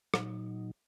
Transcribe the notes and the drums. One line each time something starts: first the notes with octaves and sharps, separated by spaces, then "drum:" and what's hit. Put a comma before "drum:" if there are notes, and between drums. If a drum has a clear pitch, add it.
A#2 F#3 D#4, drum: rim click